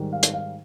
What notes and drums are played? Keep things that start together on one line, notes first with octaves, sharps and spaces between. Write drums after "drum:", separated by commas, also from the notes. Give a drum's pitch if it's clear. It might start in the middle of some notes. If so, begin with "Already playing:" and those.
Already playing: G#2 D#3 G3
F5
drum: hi-hat
F5